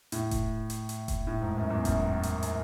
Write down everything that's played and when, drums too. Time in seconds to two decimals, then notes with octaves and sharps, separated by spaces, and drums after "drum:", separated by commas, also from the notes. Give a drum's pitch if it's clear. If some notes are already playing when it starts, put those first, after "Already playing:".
0.12 A2, drum: hi-hat
0.31 drum: kick E1, hi-hat
0.70 drum: hi-hat
0.89 drum: hi-hat
1.08 drum: kick E1, hi-hat
1.27 A2
1.42 G#2
1.56 F#2
1.70 E2
1.85 F#2, drum: kick E1, hi-hat
2.23 drum: hi-hat
2.43 drum: hi-hat